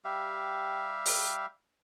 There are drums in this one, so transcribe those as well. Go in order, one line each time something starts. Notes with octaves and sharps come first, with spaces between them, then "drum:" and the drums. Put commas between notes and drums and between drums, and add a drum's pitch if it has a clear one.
G3 G4 E5 F5
drum: open hi-hat